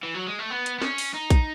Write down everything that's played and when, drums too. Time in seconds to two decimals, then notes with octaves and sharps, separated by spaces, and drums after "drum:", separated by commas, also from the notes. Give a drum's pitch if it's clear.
0.03 E3
0.15 F#3
0.27 G#3
0.39 A3
0.50 B3
0.66 drum: hi-hat
0.78 B3
0.82 C#4, drum: snare
0.98 drum: open hi-hat
1.14 D#4
1.30 drum: kick A#1, hi-hat